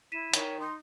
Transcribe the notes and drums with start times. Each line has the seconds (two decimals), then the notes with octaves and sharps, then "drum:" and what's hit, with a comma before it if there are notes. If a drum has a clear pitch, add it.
0.12 E4 B6 D#7 E7
0.34 D#3 C#5, drum: hi-hat
0.60 D#4 C6